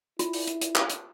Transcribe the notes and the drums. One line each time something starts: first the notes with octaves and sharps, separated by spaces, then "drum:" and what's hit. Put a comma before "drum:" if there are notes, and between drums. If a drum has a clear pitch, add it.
E4 F4, drum: hi-hat
drum: open hi-hat
drum: hi-hat
drum: hi-hat
drum: clap
drum: hi-hat